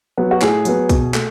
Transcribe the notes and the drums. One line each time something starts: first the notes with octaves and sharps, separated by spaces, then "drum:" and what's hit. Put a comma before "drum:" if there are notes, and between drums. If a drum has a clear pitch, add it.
F#3 B3
F#4
A2 G#4, drum: clap
F#3 B3, drum: hi-hat
B2, drum: kick, hi-hat
A3, drum: clap